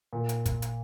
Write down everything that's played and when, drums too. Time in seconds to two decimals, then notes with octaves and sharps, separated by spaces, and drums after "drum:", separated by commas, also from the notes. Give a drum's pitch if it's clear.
0.13 A#2
0.29 drum: hi-hat
0.46 drum: kick, hi-hat
0.62 drum: hi-hat